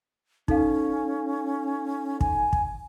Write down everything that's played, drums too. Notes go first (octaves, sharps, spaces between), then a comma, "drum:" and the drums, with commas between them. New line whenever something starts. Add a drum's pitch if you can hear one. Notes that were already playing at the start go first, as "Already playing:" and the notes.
C#4 D#4 A4 F5, drum: kick
G#5, drum: kick
drum: kick